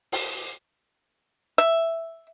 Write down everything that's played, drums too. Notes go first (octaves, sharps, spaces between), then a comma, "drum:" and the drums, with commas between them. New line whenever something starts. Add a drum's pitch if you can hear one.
drum: open hi-hat
E5